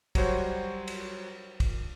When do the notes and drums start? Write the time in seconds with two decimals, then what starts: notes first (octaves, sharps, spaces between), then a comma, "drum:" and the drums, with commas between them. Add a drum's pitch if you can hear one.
0.15 F#3 G3 F#4 C5 C#5, drum: kick, cymbal
0.88 drum: cymbal
1.60 drum: kick, cymbal